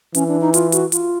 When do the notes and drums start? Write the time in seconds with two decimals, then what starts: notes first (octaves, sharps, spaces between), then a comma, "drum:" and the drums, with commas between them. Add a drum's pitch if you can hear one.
0.15 E3 C#4, drum: hi-hat
0.28 D4
0.41 D#4
0.54 F4, drum: hi-hat
0.72 F#4, drum: hi-hat
0.92 F4, drum: hi-hat